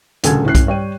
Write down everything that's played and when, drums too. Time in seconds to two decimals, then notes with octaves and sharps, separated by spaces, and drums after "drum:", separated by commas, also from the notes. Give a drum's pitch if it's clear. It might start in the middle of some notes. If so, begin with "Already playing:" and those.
0.24 D#1 D2 C#3 A4 G#5 G#6, drum: hi-hat
0.45 A2 C#4 F#6 C7
0.55 drum: kick B1, hi-hat
0.67 G3 C#5 G5 D#7